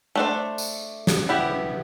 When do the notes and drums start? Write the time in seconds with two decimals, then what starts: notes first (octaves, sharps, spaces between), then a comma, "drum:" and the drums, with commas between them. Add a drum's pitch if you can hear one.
0.15 A3 D4 A4 C5
0.58 drum: tambourine
1.07 drum: snare
1.29 B3 E4 G4